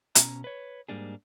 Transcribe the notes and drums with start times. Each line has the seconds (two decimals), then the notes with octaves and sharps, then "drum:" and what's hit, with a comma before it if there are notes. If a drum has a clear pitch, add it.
0.15 B2 C#4 A#5, drum: hi-hat
0.44 B4 C#5
0.89 G#2 G3 A#3 D4 G#4